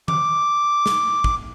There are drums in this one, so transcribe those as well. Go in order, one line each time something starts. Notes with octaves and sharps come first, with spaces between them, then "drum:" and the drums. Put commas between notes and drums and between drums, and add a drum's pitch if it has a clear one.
D6, drum: tom D#3
drum: snare
drum: kick